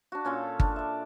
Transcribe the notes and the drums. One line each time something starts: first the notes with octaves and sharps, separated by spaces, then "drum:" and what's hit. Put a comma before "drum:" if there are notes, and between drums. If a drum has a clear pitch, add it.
D4 F#4
A#2 C#4 F4 A4
D4, drum: kick G1
D5 E5